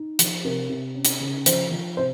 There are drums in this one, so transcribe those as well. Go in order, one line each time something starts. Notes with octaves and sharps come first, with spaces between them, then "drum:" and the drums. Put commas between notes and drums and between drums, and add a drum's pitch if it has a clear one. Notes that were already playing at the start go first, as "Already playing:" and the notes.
Already playing: D#4
F3, drum: hi-hat
C3 A#4
C3
C#4
drum: hi-hat
C#3
F3 C5, drum: hi-hat
F3
C3 C5